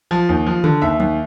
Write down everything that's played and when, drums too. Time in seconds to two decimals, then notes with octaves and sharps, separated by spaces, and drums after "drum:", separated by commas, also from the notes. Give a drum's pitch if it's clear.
0.11 F3
0.29 D#2
0.47 F3
0.64 D3, drum: tom D3
0.82 D#2 E5
1.00 D#2, drum: tom